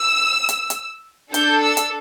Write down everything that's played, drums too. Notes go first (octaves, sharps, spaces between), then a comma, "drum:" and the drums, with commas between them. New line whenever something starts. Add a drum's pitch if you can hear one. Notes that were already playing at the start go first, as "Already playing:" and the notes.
Already playing: E6
drum: hi-hat
drum: hi-hat
D4 A4 G6, drum: hi-hat
E6
drum: hi-hat